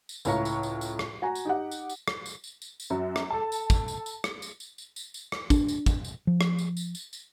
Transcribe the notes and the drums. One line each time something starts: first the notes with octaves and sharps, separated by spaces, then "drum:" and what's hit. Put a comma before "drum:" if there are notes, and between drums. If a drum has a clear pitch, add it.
drum: tambourine
C#2 A2 C#5 F5 A#5 C#6, drum: tambourine
drum: tambourine
drum: tambourine
drum: tambourine
drum: rim click
F#4 G#5 A#5
drum: tambourine
D#4 G4 F#5
drum: tambourine
drum: tambourine
drum: rim click
drum: tambourine
drum: tambourine
drum: tambourine
drum: tambourine
F#2 F#3
drum: rim click
A4 A5
drum: tambourine
drum: kick, tambourine
drum: tambourine
drum: tambourine
drum: rim click
drum: tambourine
drum: tambourine
drum: tambourine
drum: tambourine
drum: tambourine
drum: rim click
D4, drum: kick, tambourine
drum: tambourine
drum: kick, tambourine
drum: tambourine
F3
drum: rim click
drum: tambourine
drum: tambourine
drum: tambourine
drum: tambourine